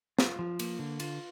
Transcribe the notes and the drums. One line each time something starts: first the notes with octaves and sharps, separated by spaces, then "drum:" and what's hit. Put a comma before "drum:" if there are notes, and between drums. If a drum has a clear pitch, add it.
F4, drum: snare
F3
A#3, drum: cymbal
D3
F4, drum: cymbal